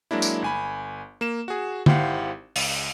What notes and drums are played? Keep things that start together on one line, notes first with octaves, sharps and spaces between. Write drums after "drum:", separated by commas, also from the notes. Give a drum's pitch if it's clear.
F#3 G#3 A#3 D4 E4
drum: tambourine
G1 G#5 B5
A#3 E7
F#4 G#4
G#1 E4 G4 C5 F5 F#5, drum: tom
C#2, drum: open hi-hat